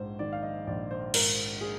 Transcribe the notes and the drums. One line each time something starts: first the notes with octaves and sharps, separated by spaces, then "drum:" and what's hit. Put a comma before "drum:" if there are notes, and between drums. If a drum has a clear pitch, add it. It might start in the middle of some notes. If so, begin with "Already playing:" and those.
Already playing: A#1 G#2 C5
D#3 D5
F5
D#5
A#1 D5
C5
G#2 A#4, drum: cymbal
G#4